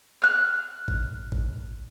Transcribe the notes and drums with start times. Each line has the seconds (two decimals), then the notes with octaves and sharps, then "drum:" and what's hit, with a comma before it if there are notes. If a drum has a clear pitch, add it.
0.22 F6 F#6
0.88 drum: kick A1
1.32 drum: kick A1